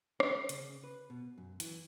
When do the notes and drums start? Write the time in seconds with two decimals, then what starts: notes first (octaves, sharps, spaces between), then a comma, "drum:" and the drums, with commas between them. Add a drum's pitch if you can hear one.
0.20 C#4, drum: rim click
0.49 C#3, drum: hi-hat
0.84 B4
1.10 B2
1.38 F#2
1.60 E3, drum: hi-hat